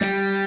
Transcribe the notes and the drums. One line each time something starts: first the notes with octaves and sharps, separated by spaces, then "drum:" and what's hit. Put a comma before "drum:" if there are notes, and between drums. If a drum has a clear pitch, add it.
G3, drum: snare